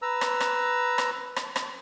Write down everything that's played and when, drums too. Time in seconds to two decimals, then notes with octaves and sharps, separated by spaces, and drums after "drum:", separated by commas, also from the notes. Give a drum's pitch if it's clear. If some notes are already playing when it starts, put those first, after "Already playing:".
0.02 B4 A#5 E6
0.21 drum: rim click
0.40 drum: rim click
0.98 drum: rim click
1.36 drum: rim click
1.56 drum: rim click